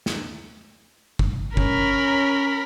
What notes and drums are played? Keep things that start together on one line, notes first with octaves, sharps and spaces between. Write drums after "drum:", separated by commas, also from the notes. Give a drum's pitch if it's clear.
drum: snare
drum: kick
C#4 A#4 B5, drum: kick